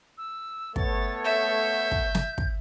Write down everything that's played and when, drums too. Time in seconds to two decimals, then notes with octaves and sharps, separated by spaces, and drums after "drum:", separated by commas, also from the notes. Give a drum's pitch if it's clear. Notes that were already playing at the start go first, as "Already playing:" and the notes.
0.17 E6
0.76 A3 B3 C#5 A6, drum: kick
1.24 E5 G6
1.91 drum: kick
2.15 drum: snare
2.38 drum: kick